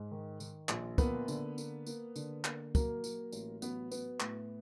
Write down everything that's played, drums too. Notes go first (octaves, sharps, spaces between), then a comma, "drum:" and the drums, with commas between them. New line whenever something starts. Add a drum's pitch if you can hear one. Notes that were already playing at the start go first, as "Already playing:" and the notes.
Already playing: G#2
D#3
D#3, drum: tambourine
A#1, drum: clap
A#3 B3 B4, drum: kick, tambourine
D3, drum: tambourine
A#3, drum: tambourine
A#3, drum: tambourine
D3, drum: tambourine
A#3, drum: clap
F#3 A#3 A#4, drum: kick, tambourine
F#3, drum: tambourine
A1, drum: tambourine
F#3 B3 B4, drum: tambourine
B3, drum: tambourine
A2, drum: clap